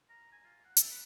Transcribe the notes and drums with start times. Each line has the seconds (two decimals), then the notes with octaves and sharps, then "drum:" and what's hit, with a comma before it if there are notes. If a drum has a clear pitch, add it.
0.09 A#5
0.32 G#5
0.44 F4
0.65 F#5
0.77 A4, drum: hi-hat
0.90 B4